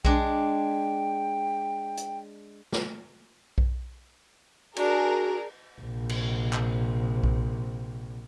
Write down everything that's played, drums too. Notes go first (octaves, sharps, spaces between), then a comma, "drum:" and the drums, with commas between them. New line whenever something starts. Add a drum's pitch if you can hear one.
G#3 D4 G5, drum: kick B1
drum: hi-hat
drum: snare
drum: kick B1
D4 F#4 G#4 A#4, drum: cymbal
A#1 C3
drum: cymbal
drum: clap
drum: kick B1